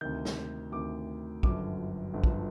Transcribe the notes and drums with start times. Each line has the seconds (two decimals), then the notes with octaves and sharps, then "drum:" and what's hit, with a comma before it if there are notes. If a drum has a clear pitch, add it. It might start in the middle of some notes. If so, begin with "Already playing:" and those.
0.01 D2 C3 D#3 G6
0.25 drum: snare
0.72 D2 C3 D#3 D6
1.43 G1 F#2 D3 F3 D6, drum: kick
2.14 G1 F#2 D3 F3
2.24 drum: kick